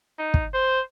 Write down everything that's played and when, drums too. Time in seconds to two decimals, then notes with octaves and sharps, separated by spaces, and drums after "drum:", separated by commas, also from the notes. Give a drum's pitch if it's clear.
0.19 D#4
0.34 drum: kick
0.54 C5